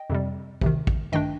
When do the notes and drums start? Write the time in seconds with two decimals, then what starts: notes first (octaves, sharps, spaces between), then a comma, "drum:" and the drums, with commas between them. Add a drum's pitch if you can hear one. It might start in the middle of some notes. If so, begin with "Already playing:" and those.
Already playing: D#5 G5
0.10 F2 C3 G3
0.61 D2 C3 D#3, drum: kick
0.87 drum: kick
1.12 G2 D#3 A3 D4 D#5 G5